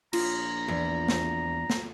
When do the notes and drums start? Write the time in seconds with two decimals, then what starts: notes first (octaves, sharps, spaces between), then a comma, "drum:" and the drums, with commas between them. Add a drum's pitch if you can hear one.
0.13 A#1 F4 A#5, drum: cymbal
0.68 E2
1.08 drum: snare
1.70 drum: snare